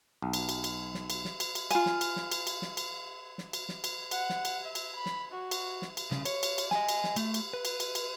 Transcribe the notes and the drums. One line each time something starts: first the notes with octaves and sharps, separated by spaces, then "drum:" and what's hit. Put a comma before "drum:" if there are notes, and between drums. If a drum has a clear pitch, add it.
B1
drum: cymbal
drum: cymbal
drum: cymbal
drum: snare
drum: cymbal
drum: snare
drum: cymbal
drum: cymbal
F4 G#5, drum: cymbal
drum: snare
drum: cymbal
drum: snare
drum: cymbal
drum: cymbal
drum: snare
drum: cymbal
drum: snare
drum: cymbal
drum: snare
drum: cymbal
F#5, drum: cymbal
drum: snare
drum: cymbal
E5
drum: cymbal
B5
drum: snare
F#4
drum: cymbal
drum: snare
drum: cymbal
C2 C#3, drum: snare
C#5, drum: cymbal
drum: cymbal
drum: cymbal
D#5 G#5, drum: snare
drum: cymbal
drum: snare
A3, drum: cymbal
drum: cymbal
B4
drum: cymbal
drum: cymbal
drum: cymbal